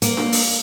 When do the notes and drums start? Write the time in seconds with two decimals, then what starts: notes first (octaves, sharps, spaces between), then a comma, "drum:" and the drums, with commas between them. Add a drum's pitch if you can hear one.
0.02 A#3, drum: hi-hat
0.17 drum: snare D4
0.32 drum: open hi-hat